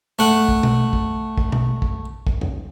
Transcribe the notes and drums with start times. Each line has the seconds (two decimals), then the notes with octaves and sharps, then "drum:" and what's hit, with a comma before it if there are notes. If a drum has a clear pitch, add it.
0.19 A3 F#5
0.49 drum: kick
0.63 drum: tom B2
0.93 drum: kick
1.38 drum: kick
1.52 drum: tom B2
1.82 drum: kick
2.27 drum: kick
2.41 drum: tom E2